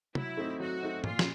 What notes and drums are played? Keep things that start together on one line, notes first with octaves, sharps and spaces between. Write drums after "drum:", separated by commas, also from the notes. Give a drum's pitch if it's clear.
F#3 E4, drum: tom
A3 C4 D#4
F#3 F#4
A3 C4 D#4
A#2 F4, drum: tom
drum: snare